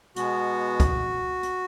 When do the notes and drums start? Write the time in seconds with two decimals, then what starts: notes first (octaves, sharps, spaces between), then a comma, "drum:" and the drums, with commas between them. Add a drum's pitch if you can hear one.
0.16 B2 G#3 B3 F#4, drum: hi-hat
0.80 drum: kick, hi-hat
1.43 drum: hi-hat